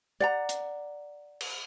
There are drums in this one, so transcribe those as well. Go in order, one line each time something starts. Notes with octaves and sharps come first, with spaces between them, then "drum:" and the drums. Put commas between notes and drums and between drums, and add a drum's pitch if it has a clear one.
D5 F#5 A#5
drum: hi-hat
drum: cymbal